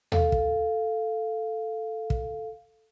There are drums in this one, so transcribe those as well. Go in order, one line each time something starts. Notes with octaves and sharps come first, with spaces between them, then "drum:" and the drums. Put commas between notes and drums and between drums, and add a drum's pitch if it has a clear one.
A4 F5, drum: tom D#2
drum: kick
drum: kick